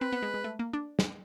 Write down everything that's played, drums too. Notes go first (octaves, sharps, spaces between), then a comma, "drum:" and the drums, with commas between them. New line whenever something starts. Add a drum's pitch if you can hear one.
C4 B4
B3
G#3
G#3
A3
A#3
D4
drum: snare